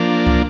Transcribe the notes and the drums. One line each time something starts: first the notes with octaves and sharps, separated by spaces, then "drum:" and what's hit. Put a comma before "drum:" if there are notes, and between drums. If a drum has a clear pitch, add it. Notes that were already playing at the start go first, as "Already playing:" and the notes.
Already playing: F3 A#3 D4
drum: kick C#2